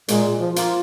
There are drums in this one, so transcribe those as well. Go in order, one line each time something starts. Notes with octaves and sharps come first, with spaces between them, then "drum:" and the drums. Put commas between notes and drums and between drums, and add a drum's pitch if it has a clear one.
A#2 G#3, drum: hi-hat
F3
A#3 F4, drum: hi-hat